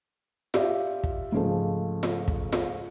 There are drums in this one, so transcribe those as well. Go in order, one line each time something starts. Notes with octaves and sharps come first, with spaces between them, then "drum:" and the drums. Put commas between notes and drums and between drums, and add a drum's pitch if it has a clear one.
F4 G4 D5 E5, drum: snare F4
drum: kick
G#2 C#3 F3 A3
drum: snare F4
drum: kick
drum: snare F4